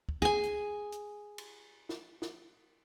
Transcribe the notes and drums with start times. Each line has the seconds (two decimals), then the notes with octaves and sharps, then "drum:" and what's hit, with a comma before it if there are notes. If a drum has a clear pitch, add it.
0.09 drum: kick
0.22 G#4 G#5, drum: kick
0.43 drum: hi-hat
0.92 drum: hi-hat
1.38 drum: cymbal
1.89 drum: snare
2.22 drum: snare